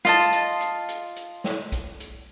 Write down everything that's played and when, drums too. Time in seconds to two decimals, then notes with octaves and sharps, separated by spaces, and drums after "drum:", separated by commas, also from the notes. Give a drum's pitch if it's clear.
0.05 F4 D#5 A5, drum: snare
0.33 drum: hi-hat
0.61 drum: hi-hat
0.88 drum: hi-hat
1.16 drum: hi-hat
1.44 drum: snare
1.72 drum: kick B1, hi-hat
2.00 drum: hi-hat